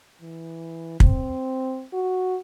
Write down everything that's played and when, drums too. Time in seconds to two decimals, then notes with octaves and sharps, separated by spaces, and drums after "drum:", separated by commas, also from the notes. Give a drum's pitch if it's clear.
0.22 E3
1.00 C4, drum: kick
1.93 F#4